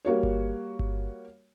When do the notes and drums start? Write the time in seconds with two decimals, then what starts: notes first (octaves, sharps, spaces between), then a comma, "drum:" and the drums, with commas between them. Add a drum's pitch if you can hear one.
0.05 G3 A#3 F#4 C#5
0.23 drum: kick G1
0.79 drum: kick G1